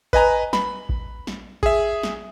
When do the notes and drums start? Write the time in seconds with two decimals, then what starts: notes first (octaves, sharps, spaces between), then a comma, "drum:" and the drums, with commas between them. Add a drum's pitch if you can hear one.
0.13 B4 D#5 G#5 A#5, drum: kick A1
0.53 B5, drum: snare
0.89 drum: kick A1
1.27 drum: snare
1.63 G#4 E5, drum: kick A1
2.03 drum: snare